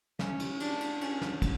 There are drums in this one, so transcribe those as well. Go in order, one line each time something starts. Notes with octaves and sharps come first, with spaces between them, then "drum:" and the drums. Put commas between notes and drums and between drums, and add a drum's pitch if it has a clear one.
C#4, drum: snare
drum: cymbal
D4, drum: cymbal
drum: cymbal
C#4, drum: cymbal
drum: snare
drum: kick, cymbal